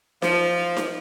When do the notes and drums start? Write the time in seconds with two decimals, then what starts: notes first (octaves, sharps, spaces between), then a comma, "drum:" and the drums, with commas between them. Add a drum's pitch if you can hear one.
0.22 F3, drum: snare D#4
0.77 drum: snare D#4